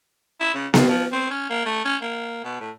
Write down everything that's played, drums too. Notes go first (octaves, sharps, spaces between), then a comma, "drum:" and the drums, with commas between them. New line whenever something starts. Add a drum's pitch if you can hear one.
E4
C#3
D#2, drum: snare B3
F3
C4
C#4
A#3
A3
C#4
A#3
B2
A2